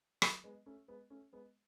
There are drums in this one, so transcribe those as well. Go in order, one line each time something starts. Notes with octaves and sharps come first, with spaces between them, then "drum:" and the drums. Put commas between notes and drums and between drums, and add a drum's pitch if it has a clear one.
F#3 A3, drum: rim click
G#3 B3
A3 C#4
G#3 B3
A3 C#4
G#3 B3